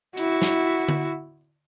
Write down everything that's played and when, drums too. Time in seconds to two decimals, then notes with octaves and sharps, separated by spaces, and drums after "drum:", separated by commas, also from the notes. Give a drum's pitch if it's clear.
0.17 E4 F#4, drum: hi-hat
0.42 drum: snare
0.88 drum: tom D3